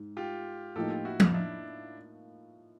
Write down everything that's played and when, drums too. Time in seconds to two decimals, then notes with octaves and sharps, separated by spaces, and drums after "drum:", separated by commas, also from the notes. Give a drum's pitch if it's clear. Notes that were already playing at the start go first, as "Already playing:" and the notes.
Already playing: G#2
0.17 F4 G4
0.76 A2 F3 A#3 D#4 G4 A4
0.90 F4 G4
1.05 E4 F#4
1.20 D#4 F4, drum: tom F3
1.34 D4 E4